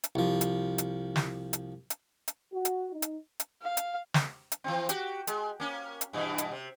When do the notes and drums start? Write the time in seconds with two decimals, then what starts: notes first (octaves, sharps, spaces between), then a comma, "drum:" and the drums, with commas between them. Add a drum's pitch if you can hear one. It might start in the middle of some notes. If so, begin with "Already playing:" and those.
0.04 drum: hi-hat
0.15 C2 F3
0.41 drum: hi-hat
0.78 drum: hi-hat
1.16 drum: snare
1.53 drum: hi-hat
1.90 drum: hi-hat
2.28 drum: hi-hat
2.53 F#4
2.65 drum: hi-hat
2.93 D#4
3.02 drum: hi-hat
3.40 drum: hi-hat
3.62 F5
3.77 drum: hi-hat
4.14 drum: snare
4.52 drum: hi-hat
4.64 E3 F3 C4
4.89 F#4 G4, drum: hi-hat
5.27 G#3, drum: hi-hat
5.60 A#3 C#4
6.01 drum: hi-hat
6.13 G2 B2 E3
6.38 drum: hi-hat
6.51 C3